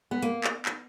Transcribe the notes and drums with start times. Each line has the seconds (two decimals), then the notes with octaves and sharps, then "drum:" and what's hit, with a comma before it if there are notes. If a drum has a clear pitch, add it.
0.11 B3
0.22 A#3, drum: hi-hat
0.44 drum: clap
0.65 drum: clap